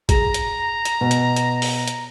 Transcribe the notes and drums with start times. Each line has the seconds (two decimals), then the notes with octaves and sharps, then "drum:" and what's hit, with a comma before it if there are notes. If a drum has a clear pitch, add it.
0.09 G#4 A#5, drum: kick A1, hi-hat
0.34 drum: hi-hat
0.85 drum: hi-hat
1.01 B2
1.11 drum: hi-hat
1.36 drum: hi-hat
1.62 drum: open hi-hat
1.88 drum: hi-hat